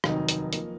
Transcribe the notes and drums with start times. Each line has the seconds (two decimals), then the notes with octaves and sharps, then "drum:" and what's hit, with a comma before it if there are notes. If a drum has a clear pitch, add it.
0.04 F1 D#2 D#3 F#3 D#4, drum: rim click
0.29 drum: hi-hat
0.53 F3 A#3, drum: hi-hat